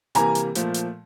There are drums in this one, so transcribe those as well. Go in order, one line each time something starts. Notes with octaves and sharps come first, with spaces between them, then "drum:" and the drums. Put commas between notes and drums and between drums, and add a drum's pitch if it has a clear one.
C3 E3 G3 A#3 G#5 A#5, drum: hi-hat
drum: hi-hat
A#2 F3 A3, drum: hi-hat
drum: hi-hat